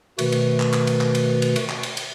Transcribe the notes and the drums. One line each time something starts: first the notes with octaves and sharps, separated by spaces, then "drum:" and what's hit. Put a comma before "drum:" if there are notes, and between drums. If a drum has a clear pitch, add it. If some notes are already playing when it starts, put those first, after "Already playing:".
B2 D#3 A3 F#4 B4, drum: cymbal
drum: cymbal
drum: clap
drum: clap
drum: cymbal
drum: clap
drum: cymbal
drum: cymbal
drum: cymbal
drum: clap
drum: cymbal
drum: cymbal